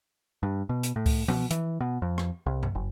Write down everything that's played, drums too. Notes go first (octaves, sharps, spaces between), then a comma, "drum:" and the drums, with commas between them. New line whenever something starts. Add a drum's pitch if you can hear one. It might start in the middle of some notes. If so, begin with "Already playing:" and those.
G2
B2
drum: hi-hat
A2
drum: kick C#2, open hi-hat
B2, drum: tom F3
E3, drum: hi-hat
B2
F2
drum: rim click
C2
drum: tom G2
F#1